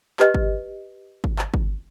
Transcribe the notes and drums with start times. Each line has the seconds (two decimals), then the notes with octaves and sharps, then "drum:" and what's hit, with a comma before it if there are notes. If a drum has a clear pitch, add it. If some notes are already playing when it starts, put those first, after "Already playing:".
0.20 G4 B4 D#5, drum: clap
0.34 drum: kick G1
1.24 drum: kick G1
1.39 drum: clap
1.54 drum: kick G1